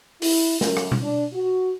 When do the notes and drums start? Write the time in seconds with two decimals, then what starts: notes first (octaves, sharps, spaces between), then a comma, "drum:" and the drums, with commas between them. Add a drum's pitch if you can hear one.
0.22 E4, drum: open hi-hat
0.61 F#2, drum: snare
0.77 drum: rim click
0.92 drum: tom B2
1.01 D4
1.34 F#4